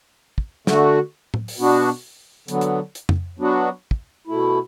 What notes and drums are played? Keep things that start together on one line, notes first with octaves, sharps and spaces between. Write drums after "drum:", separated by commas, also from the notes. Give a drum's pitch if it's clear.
drum: kick
D3 A3 F#4, drum: snare
drum: tom A2
drum: open hi-hat
B2 B3 D4 F#4
D3 F#3 B3, drum: hi-hat
drum: hi-hat
drum: hi-hat
drum: tom
F#3 B3 D4 F#4
drum: kick
B2 A3 E4